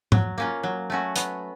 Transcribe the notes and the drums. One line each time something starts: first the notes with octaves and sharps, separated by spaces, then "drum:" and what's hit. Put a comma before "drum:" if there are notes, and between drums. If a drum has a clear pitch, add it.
F#3, drum: tom G#2
A#3 C#4 F4
F#3
A3 C#4 F#4
B3, drum: hi-hat